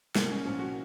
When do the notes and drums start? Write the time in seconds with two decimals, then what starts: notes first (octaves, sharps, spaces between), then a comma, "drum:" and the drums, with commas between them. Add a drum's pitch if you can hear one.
0.15 C2 A#3, drum: snare
0.31 C#4
0.45 A#2 F3 C#4
0.59 F#4